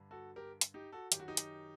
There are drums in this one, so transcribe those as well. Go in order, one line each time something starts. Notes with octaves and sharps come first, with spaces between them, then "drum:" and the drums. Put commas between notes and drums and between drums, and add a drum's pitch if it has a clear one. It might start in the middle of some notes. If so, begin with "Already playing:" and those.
Already playing: G2 D3
F#4 A4
G4 A#4
drum: hi-hat
D#4 G4
F#4 A4
F#2 D#3 G4, drum: hi-hat
F#4
D#4 G4
drum: hi-hat